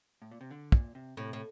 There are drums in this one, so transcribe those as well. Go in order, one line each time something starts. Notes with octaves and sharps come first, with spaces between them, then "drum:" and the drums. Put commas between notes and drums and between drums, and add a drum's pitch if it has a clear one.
A2
A#2
C3
D3
A#2, drum: kick
C3
A2 C3
A2